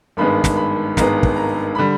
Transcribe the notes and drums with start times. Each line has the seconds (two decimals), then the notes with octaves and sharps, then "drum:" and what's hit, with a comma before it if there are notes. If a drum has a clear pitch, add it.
0.17 G#1 G2 D#3 G#3 B3 B5
0.44 drum: snare
0.57 B5
0.97 G#1 G2 D#3 G#3 B3 A#5, drum: snare
1.23 drum: kick
1.36 A#5
1.75 D3 G3 B5